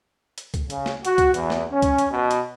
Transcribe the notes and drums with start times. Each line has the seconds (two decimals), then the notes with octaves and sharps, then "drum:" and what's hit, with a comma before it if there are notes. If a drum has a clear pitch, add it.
0.38 drum: hi-hat
0.54 drum: kick C2, hi-hat
0.70 C#3, drum: hi-hat
0.86 drum: snare
1.05 F#4, drum: hi-hat
1.18 drum: kick C2, hi-hat
1.34 E2, drum: hi-hat
1.50 drum: snare
1.72 C#4
1.82 drum: kick C2, hi-hat
1.98 drum: hi-hat
2.11 B2
2.31 drum: hi-hat